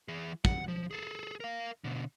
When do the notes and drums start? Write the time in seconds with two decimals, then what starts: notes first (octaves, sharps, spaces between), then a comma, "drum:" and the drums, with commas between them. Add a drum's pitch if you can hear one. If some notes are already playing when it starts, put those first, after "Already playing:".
0.08 E3 G#4
0.45 F#5, drum: kick
0.68 F3
0.91 G#4 A4
1.40 A#4 F5
1.84 B2 D3